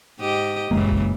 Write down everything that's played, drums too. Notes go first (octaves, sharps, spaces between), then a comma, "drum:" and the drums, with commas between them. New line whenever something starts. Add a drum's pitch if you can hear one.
G#2 G4 D#5
F#1 A#2 C#3 E3 G#3 A#3
drum: kick